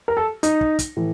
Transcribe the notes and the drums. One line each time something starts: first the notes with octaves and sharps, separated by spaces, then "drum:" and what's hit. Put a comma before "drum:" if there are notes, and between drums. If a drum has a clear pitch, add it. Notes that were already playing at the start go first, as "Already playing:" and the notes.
A#4
A4
D#4, drum: hi-hat
drum: kick
drum: kick, hi-hat
A2 E3